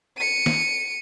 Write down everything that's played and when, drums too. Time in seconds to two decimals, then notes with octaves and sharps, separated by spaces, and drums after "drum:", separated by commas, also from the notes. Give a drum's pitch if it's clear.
0.17 C#7 D#7
0.46 drum: snare